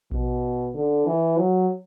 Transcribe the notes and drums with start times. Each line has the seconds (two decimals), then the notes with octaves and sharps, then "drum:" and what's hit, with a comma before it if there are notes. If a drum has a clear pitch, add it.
0.11 B2, drum: kick A#1
0.75 D3
1.07 E3
1.38 F#3